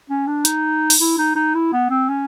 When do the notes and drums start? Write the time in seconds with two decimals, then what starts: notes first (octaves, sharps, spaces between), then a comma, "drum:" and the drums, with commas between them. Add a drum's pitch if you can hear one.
0.10 C#4
0.27 D4
0.45 D#4, drum: hi-hat
0.90 drum: open hi-hat
1.00 E4
1.18 D#4
1.35 D#4
1.54 E4
1.73 B3
1.90 C4
2.09 C#4